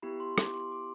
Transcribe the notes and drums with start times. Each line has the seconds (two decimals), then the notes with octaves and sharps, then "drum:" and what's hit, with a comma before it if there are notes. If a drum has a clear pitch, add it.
0.02 B3 E4 G4 B5
0.20 C6
0.38 D6, drum: rim click
0.55 C6
0.72 D6